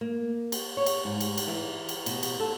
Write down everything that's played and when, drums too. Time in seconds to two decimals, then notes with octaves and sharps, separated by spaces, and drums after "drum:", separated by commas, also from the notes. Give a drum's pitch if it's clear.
0.01 A#3
0.52 drum: cymbal
0.77 C#5
0.86 drum: cymbal
1.05 G#2
1.20 drum: cymbal
1.38 drum: cymbal
1.48 E3
1.89 drum: cymbal
2.06 B2, drum: cymbal
2.23 drum: cymbal
2.40 A4